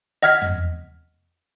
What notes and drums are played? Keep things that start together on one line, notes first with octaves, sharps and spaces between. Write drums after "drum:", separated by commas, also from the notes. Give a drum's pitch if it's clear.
D#5 F#5 F6 G#6 B6
drum: tom